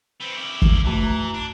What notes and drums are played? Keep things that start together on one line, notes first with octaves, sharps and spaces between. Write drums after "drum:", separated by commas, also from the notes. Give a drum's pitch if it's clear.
B3 C4
E4 G4
drum: kick
F#2 E3 A3
A#5
D4